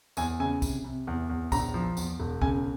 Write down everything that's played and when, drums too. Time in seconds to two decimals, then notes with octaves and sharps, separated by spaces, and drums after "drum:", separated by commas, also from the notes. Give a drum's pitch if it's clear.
0.17 E2 G#5, drum: tambourine
0.40 C#3 G#5
0.62 C3, drum: kick C2, tambourine
0.84 C3
1.07 E2
1.30 E2
1.52 A#1 A#5, drum: kick C2, tambourine
1.74 F3
1.97 E2, drum: tambourine
2.20 E1
2.42 C#3 G#5, drum: kick C2